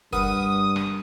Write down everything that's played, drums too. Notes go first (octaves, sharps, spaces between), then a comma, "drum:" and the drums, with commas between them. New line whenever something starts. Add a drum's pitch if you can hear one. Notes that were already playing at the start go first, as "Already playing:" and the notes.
G2 A#4 B4 F#5 D#6, drum: kick
drum: rim click